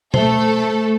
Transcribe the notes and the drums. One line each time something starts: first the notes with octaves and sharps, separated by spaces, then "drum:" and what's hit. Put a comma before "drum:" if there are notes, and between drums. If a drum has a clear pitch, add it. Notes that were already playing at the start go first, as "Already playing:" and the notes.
A3 A4 C5 E5, drum: tom B2